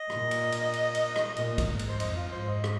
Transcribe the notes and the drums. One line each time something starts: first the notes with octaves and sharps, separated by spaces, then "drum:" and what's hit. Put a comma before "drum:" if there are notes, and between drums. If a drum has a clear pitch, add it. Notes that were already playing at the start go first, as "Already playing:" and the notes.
Already playing: D#5
A#2, drum: rim click
drum: cymbal
drum: cymbal
drum: cymbal
drum: cymbal
drum: rim click
A#2, drum: cymbal
drum: kick, cymbal
G#2
drum: cymbal
C5
F2 D#5, drum: cymbal
F4
G#2 C5
D#5
drum: rim click